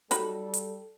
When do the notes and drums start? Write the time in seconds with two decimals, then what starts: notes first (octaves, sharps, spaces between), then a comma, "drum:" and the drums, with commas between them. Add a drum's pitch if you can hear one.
0.11 F#3 G3 D#4 A4 B5, drum: hi-hat
0.54 drum: hi-hat